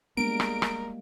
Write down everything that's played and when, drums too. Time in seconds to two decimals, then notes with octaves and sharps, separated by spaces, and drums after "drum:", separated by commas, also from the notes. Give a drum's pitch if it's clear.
0.17 G3 G#3 A#3 B3 D4 A#4 D7
0.40 drum: rim click
0.62 drum: rim click